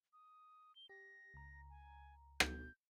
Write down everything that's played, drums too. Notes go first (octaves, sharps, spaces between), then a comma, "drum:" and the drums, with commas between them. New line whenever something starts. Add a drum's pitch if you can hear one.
D#6
G7
G4 A#6
C#2 A#5
G#5
G6, drum: rim click